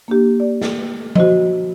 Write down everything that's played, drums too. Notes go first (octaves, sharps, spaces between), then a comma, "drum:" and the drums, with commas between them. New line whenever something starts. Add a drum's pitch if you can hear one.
A#3 D4 G4
D5
drum: snare
F#4 C5 D#5, drum: tom F3